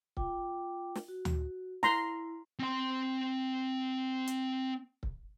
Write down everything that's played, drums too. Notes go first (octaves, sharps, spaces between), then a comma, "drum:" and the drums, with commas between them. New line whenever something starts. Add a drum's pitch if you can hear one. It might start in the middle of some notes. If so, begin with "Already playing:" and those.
F4 G5 D6, drum: kick C#1
drum: snare
F#4
drum: tom D2
E4 A#5 C6, drum: snare
C4 C6
drum: hi-hat
drum: kick C#1